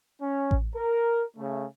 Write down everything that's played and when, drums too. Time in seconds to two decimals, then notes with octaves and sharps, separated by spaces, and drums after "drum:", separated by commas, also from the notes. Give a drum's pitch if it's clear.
0.22 C#4
0.51 drum: kick A1
0.75 A#4
1.37 C#3 A3